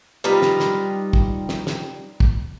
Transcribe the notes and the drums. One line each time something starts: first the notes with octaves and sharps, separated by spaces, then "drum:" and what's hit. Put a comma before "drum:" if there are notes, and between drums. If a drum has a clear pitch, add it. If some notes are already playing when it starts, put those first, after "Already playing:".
G3 D#4 F4 B4
drum: snare
drum: snare
drum: kick
drum: snare
drum: snare
drum: kick